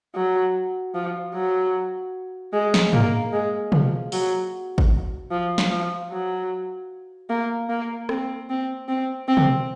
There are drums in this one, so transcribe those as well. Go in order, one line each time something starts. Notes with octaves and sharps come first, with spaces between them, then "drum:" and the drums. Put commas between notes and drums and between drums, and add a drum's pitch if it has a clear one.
F#3
F3
F#3
G#3
drum: snare
A#3, drum: tom
G#3
F3, drum: tom
F#3, drum: open hi-hat
drum: kick
F3
drum: snare
F3
F#3
A#3
A#3
C4, drum: rim click
C4
C4
C4
drum: tom